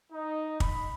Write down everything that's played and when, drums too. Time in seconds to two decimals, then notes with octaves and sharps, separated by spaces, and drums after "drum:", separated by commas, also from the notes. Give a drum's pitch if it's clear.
0.12 D#4
0.60 B5, drum: kick